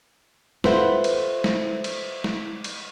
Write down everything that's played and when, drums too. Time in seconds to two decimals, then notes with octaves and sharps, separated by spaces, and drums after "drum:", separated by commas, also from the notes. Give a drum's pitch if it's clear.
0.64 F4 A4 B4 C5 E5 F#5, drum: snare
1.04 drum: cymbal
1.44 drum: snare
1.84 drum: cymbal
2.24 drum: snare
2.64 drum: cymbal